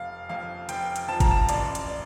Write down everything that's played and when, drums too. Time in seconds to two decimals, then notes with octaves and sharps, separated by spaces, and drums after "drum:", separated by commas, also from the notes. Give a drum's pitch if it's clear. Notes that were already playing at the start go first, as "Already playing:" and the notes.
Already playing: F1 F5
0.29 F2 F5
0.69 F1 G5, drum: hi-hat
0.96 drum: hi-hat
1.08 F3 A5
1.20 A#5, drum: kick G1, hi-hat
1.31 A5
1.49 A1 D5, drum: hi-hat
1.75 drum: hi-hat
1.88 D5